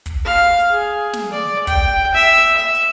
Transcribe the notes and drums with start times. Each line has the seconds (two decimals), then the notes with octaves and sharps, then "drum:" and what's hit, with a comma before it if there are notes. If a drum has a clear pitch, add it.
0.06 drum: kick, hi-hat
0.25 F5
0.60 drum: hi-hat
0.70 G#4
1.13 drum: snare
1.32 D5
1.67 G5, drum: kick, hi-hat
2.14 E5
2.55 E5
2.75 drum: hi-hat